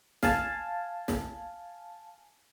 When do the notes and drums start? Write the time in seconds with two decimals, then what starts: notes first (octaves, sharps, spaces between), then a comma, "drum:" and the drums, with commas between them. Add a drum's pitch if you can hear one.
0.23 F5 G#5 A5, drum: snare
1.08 drum: snare